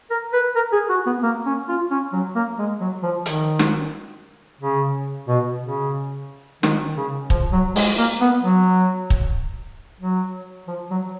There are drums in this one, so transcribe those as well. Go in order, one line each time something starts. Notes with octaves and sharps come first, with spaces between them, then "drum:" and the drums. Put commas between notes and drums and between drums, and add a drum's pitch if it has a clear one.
A#4
B4
A#4
G#4
F#4
B3
A#3
C#4
F4
C#4
F#3
A#3
G#3
F#3
F3
D#3, drum: hi-hat
drum: snare
C#3
B2
C#3
D#3, drum: snare
C#3
F3, drum: kick
F#3
G#3, drum: open hi-hat
A#3
B3
F#3
drum: kick
F#3
F3
F#3